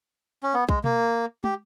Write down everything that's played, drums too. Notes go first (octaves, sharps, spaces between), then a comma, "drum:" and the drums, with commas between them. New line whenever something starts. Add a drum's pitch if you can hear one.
C#4
B3
G#3, drum: kick
A#3, drum: tom B2
G4, drum: tom